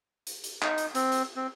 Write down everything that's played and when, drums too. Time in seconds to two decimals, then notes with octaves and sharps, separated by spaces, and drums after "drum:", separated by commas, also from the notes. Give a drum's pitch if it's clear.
0.27 drum: hi-hat
0.44 drum: hi-hat
0.62 D#4, drum: clap
0.78 drum: hi-hat
0.95 C4, drum: hi-hat
1.12 drum: hi-hat
1.36 C4